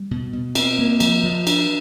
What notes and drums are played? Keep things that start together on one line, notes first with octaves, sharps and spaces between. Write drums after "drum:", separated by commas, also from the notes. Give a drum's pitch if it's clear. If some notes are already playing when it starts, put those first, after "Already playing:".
Already playing: G3
B2
B2
C4, drum: cymbal
A#3
F3, drum: cymbal
F3
D4, drum: cymbal